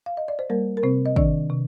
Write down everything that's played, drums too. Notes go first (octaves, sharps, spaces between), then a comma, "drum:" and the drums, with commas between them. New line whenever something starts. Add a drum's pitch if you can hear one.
F5
D#5
D5
C5
G3 A#3 A#4
A#4
C3 C4 C5
D#5
D#3 D4 D5, drum: kick
C3